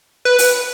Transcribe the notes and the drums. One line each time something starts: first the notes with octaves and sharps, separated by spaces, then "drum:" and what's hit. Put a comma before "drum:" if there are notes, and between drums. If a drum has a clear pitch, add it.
B4
drum: open hi-hat